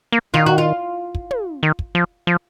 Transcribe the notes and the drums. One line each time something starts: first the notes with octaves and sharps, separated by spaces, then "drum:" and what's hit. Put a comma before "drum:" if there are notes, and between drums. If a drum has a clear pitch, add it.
A#3
D#3 F4
F#4
F4
drum: kick
drum: tom
D#3
drum: kick
F3
F3